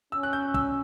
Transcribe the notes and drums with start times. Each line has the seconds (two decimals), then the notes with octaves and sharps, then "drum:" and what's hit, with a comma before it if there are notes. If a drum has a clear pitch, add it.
0.12 C#4 E6
0.23 F#6
0.33 G6
0.54 E6, drum: kick